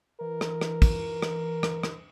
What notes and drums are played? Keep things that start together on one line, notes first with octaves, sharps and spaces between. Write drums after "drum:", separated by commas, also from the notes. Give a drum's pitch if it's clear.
E3 A#4
drum: rim click
drum: rim click
drum: kick, cymbal
drum: rim click
drum: rim click
drum: rim click